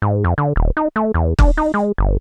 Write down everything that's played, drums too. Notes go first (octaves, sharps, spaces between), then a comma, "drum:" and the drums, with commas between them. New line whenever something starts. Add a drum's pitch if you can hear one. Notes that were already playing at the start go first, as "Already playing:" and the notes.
G#2
F2
D3
D#1
D#4
A3
E2
D4, drum: kick
D#4
G#3
G1